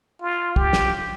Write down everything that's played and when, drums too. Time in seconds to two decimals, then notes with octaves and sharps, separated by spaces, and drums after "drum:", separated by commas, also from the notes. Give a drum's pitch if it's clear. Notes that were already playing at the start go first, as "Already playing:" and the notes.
0.22 F4
0.56 G4, drum: kick
0.73 drum: snare